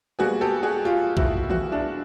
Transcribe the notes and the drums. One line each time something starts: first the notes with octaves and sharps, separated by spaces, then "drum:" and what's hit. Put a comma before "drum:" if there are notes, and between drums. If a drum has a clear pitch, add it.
B2 G3 A#3 F#4 G#4
G4 A4
F#4 G#4
F4 G4
E4 F#4, drum: kick A#1
E4 F#4, drum: tom D#3
D4 E4